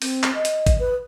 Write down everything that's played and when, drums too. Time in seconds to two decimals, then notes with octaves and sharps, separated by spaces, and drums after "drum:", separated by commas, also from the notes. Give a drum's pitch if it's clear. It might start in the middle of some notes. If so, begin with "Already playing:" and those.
0.02 C4, drum: open hi-hat
0.23 drum: clap
0.35 D#5
0.45 drum: hi-hat
0.67 drum: kick G#1, hi-hat
0.79 B4